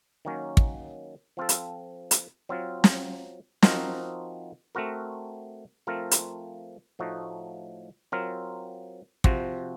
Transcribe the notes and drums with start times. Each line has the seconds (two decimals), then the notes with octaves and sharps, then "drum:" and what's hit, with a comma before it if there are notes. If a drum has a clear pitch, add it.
0.25 D#3 F#3 A#3 C#4
0.57 drum: kick
1.37 F3 C4 F4 A4
1.49 drum: hi-hat
2.11 drum: hi-hat
2.49 F#3 C4 F4
2.84 drum: snare
3.62 F3 C4 D#4 F#4 A#4, drum: snare
4.75 A3 C4 F#4 A#4
5.87 F3 A3 C4 F4 A#4
6.11 drum: hi-hat
6.99 A2 F3 A3 D#4 F#4
8.12 F#3 C4 F4 A#4
9.24 C3 F3 C4 F#4, drum: kick